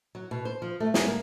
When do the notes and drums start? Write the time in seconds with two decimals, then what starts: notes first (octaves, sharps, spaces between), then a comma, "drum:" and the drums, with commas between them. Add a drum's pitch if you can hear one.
0.15 F#3
0.31 B2
0.45 C5
0.62 F3
0.80 A3
0.94 G#4, drum: snare
1.08 A#3